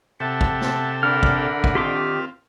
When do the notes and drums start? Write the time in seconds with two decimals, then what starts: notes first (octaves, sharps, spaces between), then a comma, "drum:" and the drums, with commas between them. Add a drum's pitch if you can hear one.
0.20 C3 G4 A4 E5 F#5 A5
0.41 drum: kick
0.61 drum: snare
1.03 D3 A3 A#4 F#5 B5 F6
1.23 drum: kick
1.64 drum: kick
1.75 D#3 C4 F4 G4 C6 D6